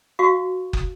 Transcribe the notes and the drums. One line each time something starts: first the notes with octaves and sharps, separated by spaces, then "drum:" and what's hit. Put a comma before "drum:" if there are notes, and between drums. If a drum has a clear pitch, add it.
F#4 F5 C#6
drum: kick